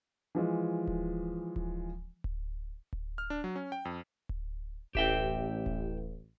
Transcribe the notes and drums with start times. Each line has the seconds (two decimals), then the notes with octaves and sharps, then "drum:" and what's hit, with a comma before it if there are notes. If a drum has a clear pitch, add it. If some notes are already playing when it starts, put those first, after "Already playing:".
0.35 E3 F3 G#3
0.87 drum: kick D1
1.56 drum: kick D1
2.24 drum: kick D1
2.93 drum: kick D1
3.18 F6
3.30 D4
3.44 F#3
3.56 C#4
3.72 G5
3.85 F2
4.29 drum: kick D1
4.95 A1 G4 E5 G5, drum: kick D1
5.66 drum: kick D1